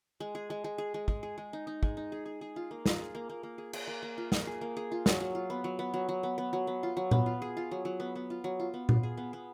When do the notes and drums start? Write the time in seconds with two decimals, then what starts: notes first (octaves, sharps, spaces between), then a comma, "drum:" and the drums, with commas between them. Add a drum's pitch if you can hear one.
0.20 G#3
0.35 G#4
0.50 G#3
0.64 G#3
0.78 G#4
0.94 G#3
1.08 G#3, drum: kick
1.23 G#4
1.38 G#3
1.53 D#4
1.67 D#4
1.83 G#3, drum: kick
1.97 D#4
2.12 G#4
2.26 G#4
2.41 G#4
2.56 F4
2.71 A#3
2.86 F4, drum: snare
2.99 G#4
3.15 A#3
3.29 A#3
3.43 A#3
3.58 G#4
3.73 G#4, drum: cymbal
3.88 A#3
4.03 A#3
4.18 F4
4.32 A#3, drum: snare
4.47 G#4
4.61 A#3
4.77 G#4
4.92 F4
5.06 F#3, drum: snare
5.20 F#3
5.35 F4
5.50 B3
5.64 F#3
5.79 B3
5.94 F#3
6.09 F#3
6.23 B3
6.38 B3
6.53 F#3
6.67 B3
6.83 F4
6.97 F#3
7.11 B3, drum: tom A#2
7.26 F4
7.42 G#4
7.57 F4
7.71 F#3
7.85 F#3
8.00 B3
8.15 B3
8.30 F4
8.44 F#3
8.60 F4
8.74 B3
8.89 F4, drum: tom A#2
9.03 G#4
9.17 B3
9.33 B3